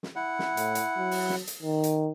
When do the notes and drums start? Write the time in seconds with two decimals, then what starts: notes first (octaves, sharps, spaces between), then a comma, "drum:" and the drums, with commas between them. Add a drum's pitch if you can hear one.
0.03 drum: snare
0.16 E4 F#5
0.39 drum: snare
0.57 A2, drum: hi-hat
0.75 drum: hi-hat
0.97 F#3
1.11 drum: open hi-hat
1.29 drum: snare
1.47 drum: hi-hat
1.62 D#3
1.84 drum: hi-hat